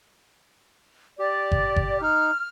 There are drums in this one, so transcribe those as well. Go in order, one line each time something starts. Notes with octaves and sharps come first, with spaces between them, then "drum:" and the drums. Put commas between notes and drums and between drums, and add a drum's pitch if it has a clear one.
G4 D5
drum: kick G1
drum: kick G1
D#4 F6